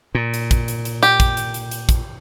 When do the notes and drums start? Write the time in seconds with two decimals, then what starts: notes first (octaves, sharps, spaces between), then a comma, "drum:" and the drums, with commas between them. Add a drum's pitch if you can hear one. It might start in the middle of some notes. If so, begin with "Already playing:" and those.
0.15 A#2
0.34 drum: hi-hat
0.51 drum: kick, hi-hat
0.68 drum: hi-hat
0.85 drum: hi-hat
1.03 G4, drum: hi-hat
1.20 drum: kick, hi-hat
1.37 drum: hi-hat
1.54 drum: hi-hat
1.71 drum: hi-hat
1.89 drum: kick, hi-hat